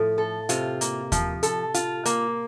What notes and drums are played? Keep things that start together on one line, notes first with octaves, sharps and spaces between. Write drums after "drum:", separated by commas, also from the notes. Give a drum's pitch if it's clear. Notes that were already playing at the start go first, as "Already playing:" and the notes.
Already playing: A2 F3
A4
C3 F4, drum: hi-hat
A#3, drum: hi-hat
F3, drum: kick D#2, hi-hat
A4, drum: hi-hat
F4, drum: hi-hat
A#3, drum: hi-hat